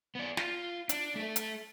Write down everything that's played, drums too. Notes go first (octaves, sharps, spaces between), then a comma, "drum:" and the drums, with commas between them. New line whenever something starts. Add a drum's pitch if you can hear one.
B3 D5
F4, drum: snare
D4, drum: hi-hat
A3 A4
drum: hi-hat